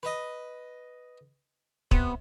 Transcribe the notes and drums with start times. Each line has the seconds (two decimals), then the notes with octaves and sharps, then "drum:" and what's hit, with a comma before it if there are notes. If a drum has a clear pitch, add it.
0.03 B4 D#5
1.91 C3 B3, drum: kick